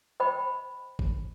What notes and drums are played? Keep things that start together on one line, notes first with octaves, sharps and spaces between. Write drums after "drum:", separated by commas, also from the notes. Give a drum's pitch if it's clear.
C5 D#5 G5 B5
drum: kick G#1